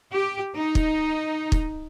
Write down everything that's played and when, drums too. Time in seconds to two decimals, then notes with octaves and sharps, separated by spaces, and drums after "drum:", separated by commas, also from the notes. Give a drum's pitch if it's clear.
0.14 G4
0.56 D#4
0.75 drum: kick
1.52 drum: kick